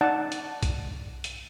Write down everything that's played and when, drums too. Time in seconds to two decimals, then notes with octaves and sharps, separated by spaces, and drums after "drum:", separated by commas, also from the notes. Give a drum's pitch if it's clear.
0.01 D#4 D5 F#5 A5
0.32 drum: hi-hat
0.63 drum: kick, hi-hat
1.24 drum: hi-hat